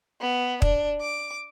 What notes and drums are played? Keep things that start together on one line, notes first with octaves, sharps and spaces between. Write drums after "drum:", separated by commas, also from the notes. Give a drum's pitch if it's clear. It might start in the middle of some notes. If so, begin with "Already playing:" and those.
B3
D4, drum: kick
D6